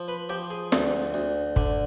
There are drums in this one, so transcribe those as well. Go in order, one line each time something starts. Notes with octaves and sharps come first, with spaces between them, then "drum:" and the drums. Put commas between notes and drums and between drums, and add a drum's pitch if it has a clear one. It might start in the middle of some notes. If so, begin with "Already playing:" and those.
Already playing: F3
B4
F3 G4
G#4
D2, drum: snare
D2
D3, drum: kick